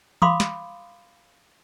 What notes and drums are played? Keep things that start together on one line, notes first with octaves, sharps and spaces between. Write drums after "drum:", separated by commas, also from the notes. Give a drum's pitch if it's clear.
F5 B5 C6 D6 D#6, drum: tom E3
drum: snare